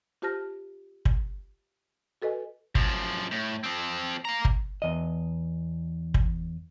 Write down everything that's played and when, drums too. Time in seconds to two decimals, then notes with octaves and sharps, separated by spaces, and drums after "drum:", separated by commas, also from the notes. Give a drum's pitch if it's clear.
0.22 F4 G4 C5 A5 F6 A#6
1.05 drum: kick
2.22 F#4 A4 B4 D#5 G#5
2.75 F#2 F3, drum: kick
3.31 A2
3.63 F3 C4
4.25 F5 A#5
4.45 drum: kick
4.82 E2 D#5
6.14 drum: kick